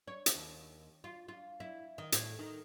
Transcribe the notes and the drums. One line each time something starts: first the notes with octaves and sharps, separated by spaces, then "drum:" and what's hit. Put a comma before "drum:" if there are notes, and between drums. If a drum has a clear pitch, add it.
C#5
drum: hi-hat
D#2
F4
F4
E4
D#3
A2, drum: hi-hat
D#3